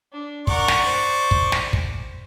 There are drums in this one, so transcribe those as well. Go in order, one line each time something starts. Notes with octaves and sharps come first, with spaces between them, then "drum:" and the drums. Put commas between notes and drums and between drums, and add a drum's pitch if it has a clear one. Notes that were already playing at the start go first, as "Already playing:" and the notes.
D4
A#4 D5 F#5 C#6, drum: kick
drum: snare
C5
drum: kick
drum: snare
drum: kick